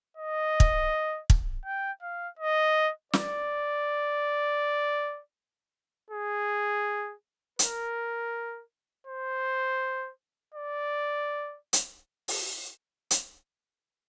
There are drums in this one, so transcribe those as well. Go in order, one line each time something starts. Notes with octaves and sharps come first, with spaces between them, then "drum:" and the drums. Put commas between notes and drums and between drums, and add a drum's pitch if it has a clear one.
D#5
drum: kick
drum: kick
G5
F5
D#5
D5, drum: snare
G#4
A#4, drum: hi-hat
C5
D5
drum: hi-hat
drum: open hi-hat
drum: hi-hat